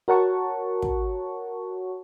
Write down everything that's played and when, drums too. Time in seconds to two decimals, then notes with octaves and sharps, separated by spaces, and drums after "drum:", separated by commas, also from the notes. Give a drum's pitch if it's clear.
0.08 F#4 A#4 C#5 F#5 A5 C#6
0.82 drum: kick